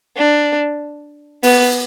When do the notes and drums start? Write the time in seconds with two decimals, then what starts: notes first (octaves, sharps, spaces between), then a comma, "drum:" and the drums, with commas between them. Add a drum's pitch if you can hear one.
0.17 D4
1.43 B3, drum: open hi-hat